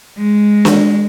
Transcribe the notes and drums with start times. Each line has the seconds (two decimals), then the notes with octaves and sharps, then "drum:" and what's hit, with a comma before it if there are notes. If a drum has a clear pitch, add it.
0.18 G#3
0.65 drum: snare